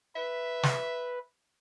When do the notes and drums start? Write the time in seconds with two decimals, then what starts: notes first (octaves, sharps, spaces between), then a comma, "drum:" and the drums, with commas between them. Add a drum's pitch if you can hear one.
0.16 B4 E5
0.63 drum: snare